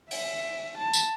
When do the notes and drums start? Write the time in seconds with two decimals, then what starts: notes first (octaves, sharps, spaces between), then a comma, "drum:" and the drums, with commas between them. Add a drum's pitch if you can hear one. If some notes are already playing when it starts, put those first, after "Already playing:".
0.11 E5, drum: open hi-hat
0.78 A5
0.93 drum: tambourine